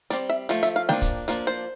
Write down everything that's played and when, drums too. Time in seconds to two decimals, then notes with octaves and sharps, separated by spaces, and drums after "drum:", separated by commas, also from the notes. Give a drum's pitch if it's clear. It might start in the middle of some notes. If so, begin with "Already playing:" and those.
0.10 G3 C4 D5, drum: hi-hat
0.29 E5
0.49 F3 A3, drum: hi-hat
0.63 E5, drum: hi-hat
0.76 F5
0.89 F3 A#3 D4 G5, drum: snare A3
1.02 drum: kick, hi-hat
1.28 F3 A#3 D4, drum: hi-hat
1.47 C5